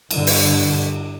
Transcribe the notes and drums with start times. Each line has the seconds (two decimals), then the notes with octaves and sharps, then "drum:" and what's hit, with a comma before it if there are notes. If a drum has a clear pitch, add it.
0.11 G2 D3, drum: cymbal
0.27 drum: open hi-hat